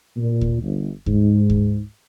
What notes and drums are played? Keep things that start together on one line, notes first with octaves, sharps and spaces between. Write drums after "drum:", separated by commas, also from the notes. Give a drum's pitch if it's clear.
A#2
drum: kick D2
G1
G#2, drum: kick D2
drum: kick D2